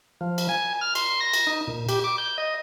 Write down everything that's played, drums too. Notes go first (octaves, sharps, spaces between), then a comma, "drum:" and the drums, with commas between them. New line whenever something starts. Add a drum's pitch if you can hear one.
F3
drum: cymbal
G#5
F6
C6, drum: cymbal
A#6
drum: cymbal
D#4
A#2
G4, drum: cymbal
D6
G6
D#5